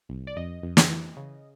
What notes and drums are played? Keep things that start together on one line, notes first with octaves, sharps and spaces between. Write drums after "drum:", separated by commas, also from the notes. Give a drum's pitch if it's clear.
C2
D5
F2 D#5
F2
drum: snare
E3
C#3